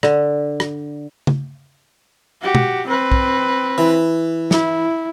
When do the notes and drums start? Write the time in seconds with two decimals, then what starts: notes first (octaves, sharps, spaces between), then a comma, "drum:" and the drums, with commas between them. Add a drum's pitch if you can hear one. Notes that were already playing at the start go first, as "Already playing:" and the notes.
0.03 D3, drum: rim click
0.60 drum: rim click
1.27 drum: tom C#3
2.42 F#4 G4
2.55 drum: tom B2
2.87 C4 B4
3.12 drum: kick
3.78 E3
4.51 E4, drum: snare